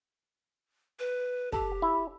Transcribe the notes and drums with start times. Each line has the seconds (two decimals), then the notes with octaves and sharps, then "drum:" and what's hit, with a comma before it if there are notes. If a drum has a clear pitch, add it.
0.99 B4
1.52 G4 A4, drum: kick
1.82 E4